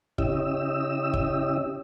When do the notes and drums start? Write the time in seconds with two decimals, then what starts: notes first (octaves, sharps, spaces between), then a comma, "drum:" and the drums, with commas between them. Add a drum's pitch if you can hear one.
0.18 C#3 C#4 E4 G4 D#5 E6, drum: kick
1.13 drum: kick